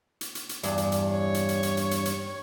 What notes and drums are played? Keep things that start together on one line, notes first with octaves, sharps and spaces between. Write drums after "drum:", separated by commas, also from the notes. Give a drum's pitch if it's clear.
drum: hi-hat
drum: hi-hat
drum: hi-hat
E2 G2, drum: hi-hat
drum: hi-hat
drum: hi-hat
C#5
drum: hi-hat
drum: hi-hat
drum: hi-hat
drum: hi-hat
drum: hi-hat
drum: hi-hat